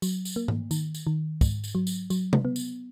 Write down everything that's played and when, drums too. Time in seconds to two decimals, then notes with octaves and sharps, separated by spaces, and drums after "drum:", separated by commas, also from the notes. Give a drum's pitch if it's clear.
0.02 F#3, drum: tambourine
0.25 drum: tambourine
0.36 A#3
0.48 drum: tom G#2
0.71 D#3, drum: tambourine
0.94 drum: tambourine
1.07 D#3
1.41 G#2, drum: kick, tambourine
1.64 drum: tambourine
1.75 F#3
1.87 drum: tambourine
2.10 F#3, drum: tambourine
2.33 drum: tom C3
2.45 B3
2.56 drum: tambourine